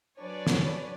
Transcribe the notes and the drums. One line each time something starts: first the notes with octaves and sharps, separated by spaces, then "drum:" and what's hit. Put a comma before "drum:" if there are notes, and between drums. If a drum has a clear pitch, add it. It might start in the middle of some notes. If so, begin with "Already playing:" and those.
F#3 D4 B4 C#5 D5 G#5
drum: snare